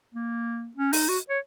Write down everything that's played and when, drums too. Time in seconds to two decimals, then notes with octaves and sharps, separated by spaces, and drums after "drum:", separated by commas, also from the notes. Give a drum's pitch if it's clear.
0.14 A#3
0.77 C#4
0.93 D#4, drum: open hi-hat
1.09 F#4
1.29 C#5